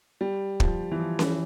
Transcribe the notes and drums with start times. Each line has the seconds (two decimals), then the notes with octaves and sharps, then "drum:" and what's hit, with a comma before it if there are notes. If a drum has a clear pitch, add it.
0.21 G3
0.60 F3, drum: kick
0.92 E3
1.00 F3
1.19 E3, drum: snare C#4